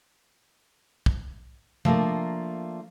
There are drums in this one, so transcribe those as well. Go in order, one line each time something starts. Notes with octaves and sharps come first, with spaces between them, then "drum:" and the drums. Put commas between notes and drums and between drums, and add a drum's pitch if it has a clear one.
drum: kick
F3 A3 A#3 D4 A#4, drum: tom C3